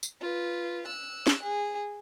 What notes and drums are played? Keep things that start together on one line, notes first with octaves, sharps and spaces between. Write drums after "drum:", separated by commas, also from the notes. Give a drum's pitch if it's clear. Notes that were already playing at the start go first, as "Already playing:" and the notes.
drum: tambourine
F4 B4
E6 F#6
drum: snare
G#4